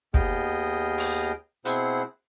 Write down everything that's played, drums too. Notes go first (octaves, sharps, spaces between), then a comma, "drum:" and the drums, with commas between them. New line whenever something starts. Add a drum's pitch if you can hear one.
D#2 B3 G#4 D#5 G5 F6, drum: kick
drum: open hi-hat
B2 C4 E4 G#4 C5 F#5, drum: hi-hat